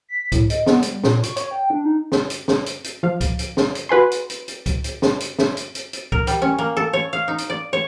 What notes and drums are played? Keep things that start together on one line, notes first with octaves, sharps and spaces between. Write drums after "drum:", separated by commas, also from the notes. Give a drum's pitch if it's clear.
B6
A2, drum: kick C#2, hi-hat
D#5, drum: hi-hat
B3, drum: snare
G3, drum: hi-hat
A#2, drum: snare
C#6, drum: hi-hat
C#5, drum: hi-hat
G5
D4
D#4
drum: snare
drum: hi-hat
drum: snare
drum: hi-hat
drum: hi-hat
F3 F5
drum: kick C#2, hi-hat
drum: hi-hat
drum: snare
drum: hi-hat
F#4 B4 G#5 C6
drum: hi-hat
drum: hi-hat
drum: hi-hat
drum: kick C#2, hi-hat
drum: hi-hat
drum: snare
drum: hi-hat
drum: snare
drum: hi-hat
drum: hi-hat
drum: hi-hat
A#4, drum: kick C#2
G3, drum: hi-hat
C#4
A#3
A4
C#5
F5
D#4
drum: hi-hat
D5
C#5